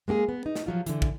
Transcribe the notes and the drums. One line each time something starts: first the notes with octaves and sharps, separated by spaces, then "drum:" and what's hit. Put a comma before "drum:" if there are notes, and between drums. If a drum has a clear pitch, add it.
G#3 A#3 G4 G#4
B3
D#4
drum: snare
F3 F#3 F4
D3 E3, drum: hi-hat
drum: kick